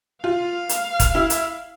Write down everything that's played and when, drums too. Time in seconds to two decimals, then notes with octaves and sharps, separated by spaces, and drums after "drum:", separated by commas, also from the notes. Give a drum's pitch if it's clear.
0.24 F4 F5
0.69 drum: hi-hat
1.00 drum: kick, hi-hat
1.15 E4
1.30 drum: hi-hat